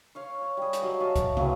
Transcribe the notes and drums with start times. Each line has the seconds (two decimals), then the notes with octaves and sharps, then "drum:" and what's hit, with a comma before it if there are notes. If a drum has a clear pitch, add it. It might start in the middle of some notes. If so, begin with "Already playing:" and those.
0.15 C#5 F5 C#6
0.42 C#5
0.57 G3 G#4
0.73 drum: hi-hat
0.82 F#3 D#5 F5
1.00 F#4 E5 F5 A5
1.16 drum: kick C2, hi-hat
1.37 C#3 F#3 C4 B4, drum: tom